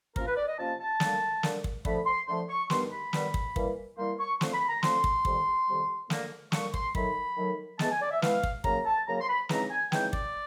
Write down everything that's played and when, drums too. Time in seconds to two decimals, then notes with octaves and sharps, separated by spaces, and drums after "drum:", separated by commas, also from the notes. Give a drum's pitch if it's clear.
0.16 C3 F3 A#3 C#4 F4 A#4, drum: kick
0.27 B4
0.36 D5
0.48 D#5
0.58 C3 F3 A#3 C#4 F4 A5
0.80 A5
1.00 D3 G3 A#3, drum: snare
1.43 D3 G3 A#3, drum: snare
1.64 drum: kick
1.85 D3 F3 A3 B5, drum: kick
2.06 C6
2.28 D3 F3 A3 C6
2.49 C#6
2.70 G2 D#3 G3 B3 C6, drum: snare
2.92 B5
3.13 G2 D#3 G3 B3, drum: snare
3.34 drum: kick
3.56 E3 G3 A#3, drum: kick
3.98 E3 G3 A#3 C6
4.19 C#6
4.41 D3 F3 A3 C4 C6, drum: snare
4.54 B5
4.69 A#5
4.83 D3 F3 A3 C4 C6, drum: snare
5.04 drum: kick
5.25 F2 C3 D#3 G3, drum: kick
5.68 F2 C3 D#3 G3
6.10 D3 G3 A#3, drum: snare
6.52 D3 G3 A#3 C#6, drum: snare
6.74 C6, drum: kick
6.95 D#3 F#3 A3 B5, drum: kick
7.37 D#3 F#3 A3
7.79 E3 G#3 B3 A5, drum: snare
7.90 G#5
8.02 D5
8.11 E5
8.22 E3 G#3 B3 F5, drum: snare
8.43 drum: kick
8.64 F#2 C#3 F#3 A#3 A#5, drum: kick
8.86 A5
9.08 F#2 C#3 F#3 A#3 A#5
9.21 C6
9.28 B5
9.49 C#3 E3 G#3 C4 D#4 A#5, drum: snare
9.71 G#5
9.92 C#3 E3 G#3 C4 D#4 G5, drum: snare
10.13 D5, drum: kick